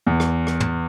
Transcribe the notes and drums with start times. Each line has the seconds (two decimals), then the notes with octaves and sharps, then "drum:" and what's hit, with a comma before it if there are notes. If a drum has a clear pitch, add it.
0.07 E2
0.20 drum: rim click
0.47 drum: rim click
0.60 drum: tom